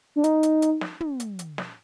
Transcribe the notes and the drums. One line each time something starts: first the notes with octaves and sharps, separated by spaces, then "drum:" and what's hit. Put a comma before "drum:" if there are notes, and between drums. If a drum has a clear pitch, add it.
D4
D#4, drum: hi-hat
drum: hi-hat
drum: hi-hat
drum: snare
drum: tom
drum: hi-hat
drum: hi-hat
drum: snare